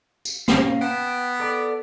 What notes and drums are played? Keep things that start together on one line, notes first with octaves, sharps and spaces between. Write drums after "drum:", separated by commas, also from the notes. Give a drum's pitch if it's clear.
drum: tambourine
A#3 C#4 F5, drum: snare
B3 G5 A5
A4 D5